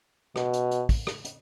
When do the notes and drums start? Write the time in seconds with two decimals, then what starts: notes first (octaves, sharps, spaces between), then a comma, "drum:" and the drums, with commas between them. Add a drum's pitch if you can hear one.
0.36 B2, drum: rim click
0.53 drum: hi-hat
0.71 drum: hi-hat
0.89 drum: kick, open hi-hat
1.07 drum: rim click
1.25 drum: hi-hat